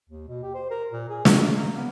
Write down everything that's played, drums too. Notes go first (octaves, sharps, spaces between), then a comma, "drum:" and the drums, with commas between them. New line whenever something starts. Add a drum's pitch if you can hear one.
D#2
B2
G4
C5
A#4
A#2
G#4
B2, drum: snare
A#3
B3